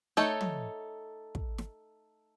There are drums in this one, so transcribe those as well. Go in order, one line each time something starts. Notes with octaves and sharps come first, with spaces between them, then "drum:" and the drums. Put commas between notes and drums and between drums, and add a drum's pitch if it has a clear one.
A3 D#4 A4 C#5, drum: snare
drum: tom
drum: kick
drum: snare